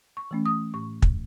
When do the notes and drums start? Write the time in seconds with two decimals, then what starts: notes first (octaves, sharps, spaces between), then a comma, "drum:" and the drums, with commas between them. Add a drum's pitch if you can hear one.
0.17 C#6
0.31 E3 A3 C#4
0.46 D#6
0.74 A2 C#6
1.02 drum: kick